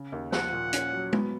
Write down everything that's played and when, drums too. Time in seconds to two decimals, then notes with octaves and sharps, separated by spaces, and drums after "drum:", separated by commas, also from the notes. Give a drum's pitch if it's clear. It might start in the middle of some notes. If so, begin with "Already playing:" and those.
Already playing: C#3
0.12 D#2
0.32 F3 F#5, drum: snare
0.53 A#2
0.73 C#4, drum: hi-hat
0.93 F#3
1.13 B3, drum: tom G#3